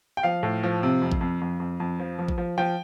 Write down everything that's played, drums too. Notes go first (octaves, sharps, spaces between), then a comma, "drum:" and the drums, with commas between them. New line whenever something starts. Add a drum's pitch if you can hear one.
G5
F3 F5
A2
F3
C3
F2
drum: kick A1
F2
F2
F2
F2
F3
F3
drum: kick A1
F3
F3 G5